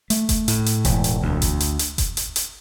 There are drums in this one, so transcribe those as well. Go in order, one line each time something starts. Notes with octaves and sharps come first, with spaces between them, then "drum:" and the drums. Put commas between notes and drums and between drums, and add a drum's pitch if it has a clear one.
A3, drum: hi-hat
drum: kick F1, hi-hat
A2, drum: hi-hat
drum: hi-hat
E1, drum: kick F1, hi-hat
drum: hi-hat
D2
drum: kick F1, hi-hat
drum: hi-hat
drum: hi-hat
drum: kick F1, hi-hat
drum: hi-hat
drum: hi-hat